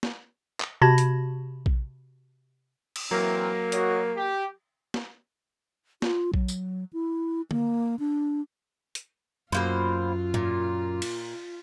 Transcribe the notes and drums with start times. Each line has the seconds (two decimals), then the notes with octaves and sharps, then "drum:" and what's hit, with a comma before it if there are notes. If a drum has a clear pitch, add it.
0.03 drum: snare
0.60 drum: clap
0.81 C3 F#4 A5 B5 G#6 A#6
0.98 drum: hi-hat
1.66 drum: kick A#1
2.96 drum: cymbal
3.11 E3 F#3 A#3 C4 A#4
3.72 F#4 C#5 D#5, drum: hi-hat
4.17 G4
4.94 drum: snare
6.02 F4, drum: snare
6.34 F#3, drum: kick A#1
6.48 drum: tambourine
6.93 E4
7.51 A#3, drum: tom D3
7.99 D4
8.95 drum: hi-hat
9.52 F#2 B2 A#3 F4 C5
10.34 A#2, drum: tom G#2
11.02 drum: cymbal